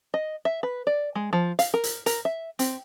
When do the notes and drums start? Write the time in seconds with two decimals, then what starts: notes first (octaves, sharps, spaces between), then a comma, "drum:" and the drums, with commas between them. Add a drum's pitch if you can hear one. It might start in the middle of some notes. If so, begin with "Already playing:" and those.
0.14 D#5
0.45 E5
0.63 B4
0.87 D5
1.15 G#3
1.33 F3
1.59 F5, drum: hi-hat
1.74 A#4
1.84 drum: hi-hat
2.06 A#4, drum: hi-hat
2.25 E5
2.59 C4, drum: hi-hat